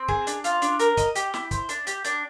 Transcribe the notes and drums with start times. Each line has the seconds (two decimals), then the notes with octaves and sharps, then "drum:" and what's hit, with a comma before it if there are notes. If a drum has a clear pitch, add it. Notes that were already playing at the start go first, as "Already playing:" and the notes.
Already playing: C4
0.08 G#4, drum: kick
0.27 D4, drum: hi-hat
0.44 F4, drum: hi-hat
0.62 D4, drum: hi-hat
0.79 A#4, drum: hi-hat
0.97 D#5, drum: kick, hi-hat
1.15 G4, drum: hi-hat
1.34 E4, drum: snare
1.51 C5, drum: kick, hi-hat
1.69 D4, drum: hi-hat
1.87 G4, drum: hi-hat
2.05 D4, drum: hi-hat